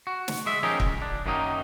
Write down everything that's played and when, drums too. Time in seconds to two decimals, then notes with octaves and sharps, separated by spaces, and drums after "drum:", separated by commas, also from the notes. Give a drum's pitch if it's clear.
0.07 F#4
0.28 drum: snare
0.46 G#3 E5
0.63 F3 C#4 D#4 G4 G#4 A#4
0.80 C#2, drum: kick
1.02 D4
1.26 F#2 D#3 F#3 A#3 D#4